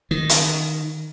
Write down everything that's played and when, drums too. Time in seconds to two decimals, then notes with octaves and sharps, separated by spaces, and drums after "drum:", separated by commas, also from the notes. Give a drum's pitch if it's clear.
0.11 D#3
0.29 drum: hi-hat